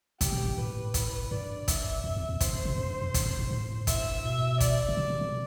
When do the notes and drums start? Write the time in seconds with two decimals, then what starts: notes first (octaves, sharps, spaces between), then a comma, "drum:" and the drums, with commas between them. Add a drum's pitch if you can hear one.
0.21 C3 G4, drum: kick, hi-hat
0.33 B2
0.45 G2
0.57 A2 B4
0.94 drum: kick, hi-hat
1.31 G2 D5
1.68 E5, drum: kick, hi-hat
2.04 F2
2.16 E2
2.29 E2
2.40 E2 C5, drum: kick, hi-hat
2.53 F2
2.65 C3
2.78 F2
2.89 G2
3.01 F2
3.14 E2, drum: kick, hi-hat
3.26 F2
3.39 G2
3.51 A2
3.87 E5, drum: kick, hi-hat
3.97 G2
4.11 A2
4.24 B2
4.60 D5, drum: kick, hi-hat
4.89 B2
4.97 C3
5.10 C3
5.21 B2